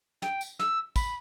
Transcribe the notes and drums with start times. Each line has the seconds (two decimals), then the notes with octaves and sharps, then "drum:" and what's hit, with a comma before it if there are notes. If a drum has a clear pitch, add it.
0.22 G5, drum: snare
0.41 drum: tambourine
0.59 E6, drum: snare
0.96 B5, drum: kick, tambourine